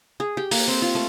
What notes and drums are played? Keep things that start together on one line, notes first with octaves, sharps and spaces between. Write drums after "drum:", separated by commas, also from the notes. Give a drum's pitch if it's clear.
G#4
G4
A#3, drum: open hi-hat
C4
F4
A3